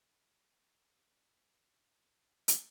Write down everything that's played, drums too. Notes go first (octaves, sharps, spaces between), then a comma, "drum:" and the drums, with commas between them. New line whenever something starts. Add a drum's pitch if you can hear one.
D#3 E3 G3 E4 G#4 D5 F5
drum: hi-hat